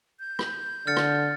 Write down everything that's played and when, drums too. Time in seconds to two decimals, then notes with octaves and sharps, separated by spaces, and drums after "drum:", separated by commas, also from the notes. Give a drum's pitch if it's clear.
0.20 G6
0.39 drum: rim click
0.87 D3 F6 A6 C#7
0.97 drum: rim click